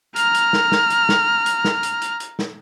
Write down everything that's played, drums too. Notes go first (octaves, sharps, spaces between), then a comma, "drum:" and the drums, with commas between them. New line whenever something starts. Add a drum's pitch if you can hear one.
A#5 F6, drum: hi-hat
drum: hi-hat
drum: snare
drum: snare
drum: hi-hat
drum: snare
drum: hi-hat
drum: snare
drum: hi-hat
drum: hi-hat
drum: hi-hat
drum: snare